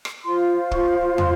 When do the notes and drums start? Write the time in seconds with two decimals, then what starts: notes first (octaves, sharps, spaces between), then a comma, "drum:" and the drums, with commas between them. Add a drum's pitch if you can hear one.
0.05 drum: rim click
0.25 F4 C5 C6
0.71 C#6, drum: kick
1.18 C6, drum: tom